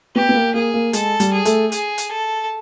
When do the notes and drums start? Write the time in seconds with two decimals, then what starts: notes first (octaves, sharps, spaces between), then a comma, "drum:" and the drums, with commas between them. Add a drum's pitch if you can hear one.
0.15 B3 G4
0.29 B3
0.35 A#3
0.54 A#3 G#4
0.74 A#3
0.93 G#3 A4, drum: hi-hat
1.20 G3, drum: hi-hat
1.33 G#4
1.45 A3, drum: hi-hat
1.72 G#4, drum: hi-hat
1.98 drum: hi-hat
2.11 A4